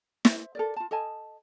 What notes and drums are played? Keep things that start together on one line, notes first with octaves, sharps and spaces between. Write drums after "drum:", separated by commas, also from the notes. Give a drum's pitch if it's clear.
C5 E5, drum: snare
A4 A#4 D5
F4 A5
A4 D#5 G#5 A5